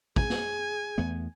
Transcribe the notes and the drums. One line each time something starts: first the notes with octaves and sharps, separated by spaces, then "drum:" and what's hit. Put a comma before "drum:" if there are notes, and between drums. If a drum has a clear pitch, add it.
G#4 G#5, drum: kick
drum: snare
E2 A3 B3